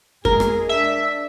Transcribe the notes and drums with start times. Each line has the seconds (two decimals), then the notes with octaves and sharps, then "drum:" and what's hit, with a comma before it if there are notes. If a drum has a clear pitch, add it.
0.25 G#3 A#3 G#4 A#4, drum: kick F2
0.40 drum: rim click
0.69 D4 E5